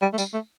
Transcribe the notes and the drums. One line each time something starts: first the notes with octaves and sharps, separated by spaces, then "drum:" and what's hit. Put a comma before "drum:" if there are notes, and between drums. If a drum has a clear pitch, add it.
G3
A3
G3, drum: tambourine
A3